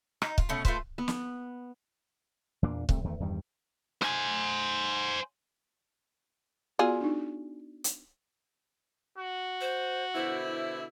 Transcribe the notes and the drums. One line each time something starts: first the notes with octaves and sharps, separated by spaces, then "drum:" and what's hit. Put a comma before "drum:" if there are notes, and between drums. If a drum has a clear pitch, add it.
D#4, drum: rim click
F4, drum: kick C#1
B2 A3 C#4
A3 F4 B4 C5, drum: kick C#1
B3
drum: snare
E2 A#2 A#3 D4
C2 C3 A3, drum: kick C#1
E2 D#3 A3
E2 G2 D#3 G3
C5 G#5, drum: rim click
B3 F4 F#4 G#4 D5
D4 D#4
drum: hi-hat
F#4
C5
B2 D3 E4 C5